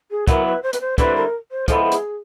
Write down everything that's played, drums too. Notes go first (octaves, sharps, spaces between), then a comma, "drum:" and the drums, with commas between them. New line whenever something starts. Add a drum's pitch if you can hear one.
G#4
F#3 B3 E4 A#4, drum: kick, hi-hat
B4
C5
B4, drum: hi-hat
C5
D3 G3 C4 E4 B4, drum: kick, hi-hat
A#4
C5
F3 G#3 B3 E4 A4, drum: kick, hi-hat
A4
G#4, drum: hi-hat